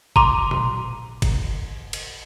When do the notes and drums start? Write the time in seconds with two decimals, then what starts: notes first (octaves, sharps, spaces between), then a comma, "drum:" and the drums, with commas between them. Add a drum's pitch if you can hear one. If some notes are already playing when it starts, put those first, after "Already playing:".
0.16 A#5 C6 D6, drum: kick G1
0.51 drum: tom A#2
1.22 drum: kick G1, cymbal
1.93 drum: cymbal